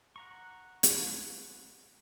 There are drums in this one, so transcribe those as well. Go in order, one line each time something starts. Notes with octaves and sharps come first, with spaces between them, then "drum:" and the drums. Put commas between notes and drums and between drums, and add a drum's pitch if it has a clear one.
F#5 A#5 C#6
drum: hi-hat